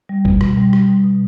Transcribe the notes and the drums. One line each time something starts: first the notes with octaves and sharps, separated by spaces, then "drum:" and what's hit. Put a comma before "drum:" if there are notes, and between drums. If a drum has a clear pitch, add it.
G3
B2, drum: kick F#1
B2, drum: rim click
G3
G3, drum: rim click
B2
B2